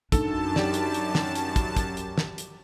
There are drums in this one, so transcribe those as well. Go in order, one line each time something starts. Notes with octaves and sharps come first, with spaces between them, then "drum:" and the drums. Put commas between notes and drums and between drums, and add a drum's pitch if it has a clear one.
F#2 D4 D#4 A4 A5, drum: kick, hi-hat
G4 D5, drum: snare
drum: hi-hat
drum: hi-hat
drum: snare
drum: hi-hat
drum: kick, hi-hat
drum: kick, hi-hat
drum: hi-hat
drum: snare
drum: hi-hat